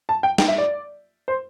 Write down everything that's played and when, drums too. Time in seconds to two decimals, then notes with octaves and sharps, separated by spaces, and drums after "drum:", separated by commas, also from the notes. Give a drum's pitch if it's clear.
0.09 A5
0.23 G5
0.38 G5, drum: snare
0.48 E5
0.58 D5
1.28 C5